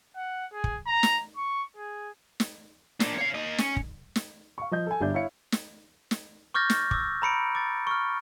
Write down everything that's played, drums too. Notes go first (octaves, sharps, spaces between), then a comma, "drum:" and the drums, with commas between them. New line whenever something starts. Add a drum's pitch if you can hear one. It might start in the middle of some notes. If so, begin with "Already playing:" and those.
F#5
G#4
drum: kick
A#5
drum: snare
C#6
G#4
drum: snare
A#3 D4, drum: snare
C#5 F5
A#3 D#5
C#4, drum: snare
drum: kick
drum: snare
F5 C#6
F3 D#5 G6
A4 G#5
G1 G2 D4 E5 G6
E4 C#5 F5 C#7
drum: snare
drum: snare
C#6 D6 F6 G6 A6 A#6
drum: snare
D6 E6, drum: kick
A#5 B5 C#7 D7
D6 A6
C#6 F6